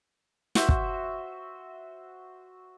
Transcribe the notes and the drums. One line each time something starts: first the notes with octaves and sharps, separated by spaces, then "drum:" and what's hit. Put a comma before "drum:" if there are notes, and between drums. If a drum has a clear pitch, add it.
F#4 C5 E5, drum: snare
drum: kick